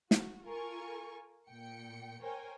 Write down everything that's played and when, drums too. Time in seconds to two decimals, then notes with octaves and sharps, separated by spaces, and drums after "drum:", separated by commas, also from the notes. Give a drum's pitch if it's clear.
0.11 F#4, drum: snare
0.45 F4 A4 A#4 G#5 C#6
1.50 A#2 G5 C#7
2.22 A#4 C5 C#5 G5 G#5